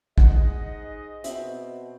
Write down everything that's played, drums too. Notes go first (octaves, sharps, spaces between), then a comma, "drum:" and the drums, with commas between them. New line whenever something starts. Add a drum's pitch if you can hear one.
D#4 G#4 C5 D#5 F#5, drum: kick
B2 C4 E5, drum: hi-hat